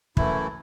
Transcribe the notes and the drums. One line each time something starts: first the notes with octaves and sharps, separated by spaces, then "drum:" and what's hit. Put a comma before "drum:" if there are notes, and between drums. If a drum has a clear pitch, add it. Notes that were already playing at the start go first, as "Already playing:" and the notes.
F#2 E3 A3 E4, drum: kick